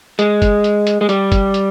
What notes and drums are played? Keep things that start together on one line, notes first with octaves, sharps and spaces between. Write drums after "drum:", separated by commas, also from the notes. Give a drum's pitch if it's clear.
G#3, drum: hi-hat
drum: kick, hi-hat
drum: hi-hat
drum: hi-hat
G#3
G3, drum: hi-hat
drum: kick, hi-hat
drum: hi-hat